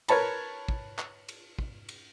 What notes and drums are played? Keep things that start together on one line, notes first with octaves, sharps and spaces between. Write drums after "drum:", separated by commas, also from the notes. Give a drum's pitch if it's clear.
A#4 B4 C#5 A5 B5, drum: cymbal
drum: kick
drum: clap
drum: cymbal
drum: kick
drum: cymbal